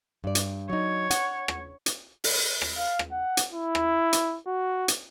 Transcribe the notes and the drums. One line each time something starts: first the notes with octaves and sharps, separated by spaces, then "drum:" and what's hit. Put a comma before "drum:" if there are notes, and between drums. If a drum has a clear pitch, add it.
G2 D5
drum: hi-hat
F#3 D#4 C#5
F#5, drum: hi-hat
drum: rim click
drum: hi-hat
drum: open hi-hat
drum: rim click
F5
drum: rim click
F#5
drum: hi-hat
E4
drum: rim click
drum: hi-hat
F#4
drum: hi-hat